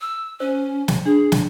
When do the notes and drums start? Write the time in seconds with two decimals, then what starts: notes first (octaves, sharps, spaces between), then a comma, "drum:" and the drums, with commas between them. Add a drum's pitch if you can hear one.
0.01 E6
0.40 C#4 C5
0.88 drum: snare
1.05 D4 G#4
1.32 drum: snare